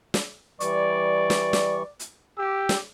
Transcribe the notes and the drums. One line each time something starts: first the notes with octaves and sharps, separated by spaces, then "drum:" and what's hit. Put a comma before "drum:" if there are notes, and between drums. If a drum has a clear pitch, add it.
drum: snare
E3 G3 D5 C#6, drum: hi-hat
drum: snare
drum: snare
drum: hi-hat
G4 E6
drum: snare